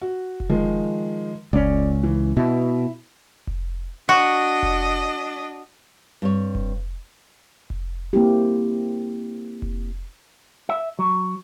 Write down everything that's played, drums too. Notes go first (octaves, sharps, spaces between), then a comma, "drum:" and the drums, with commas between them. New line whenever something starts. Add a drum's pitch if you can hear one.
F#4
drum: kick F1
D#3 F3 G#3
C#2 C#4 D5, drum: kick F1
E3
B2 E4
drum: kick F1
D4 F#4 D#5
drum: kick F1
G2 C4 C#5
drum: kick F1
drum: kick F1
A#3 C4 E4 G4
drum: kick F1
E5
F#3